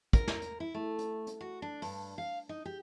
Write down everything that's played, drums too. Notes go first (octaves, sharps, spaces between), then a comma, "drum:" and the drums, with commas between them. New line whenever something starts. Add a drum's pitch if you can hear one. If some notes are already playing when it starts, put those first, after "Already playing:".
A#4, drum: kick, hi-hat
drum: snare
drum: hi-hat
E4
A3
drum: hi-hat
drum: hi-hat
F#4
D4
G2, drum: open hi-hat
F5
D#4
G4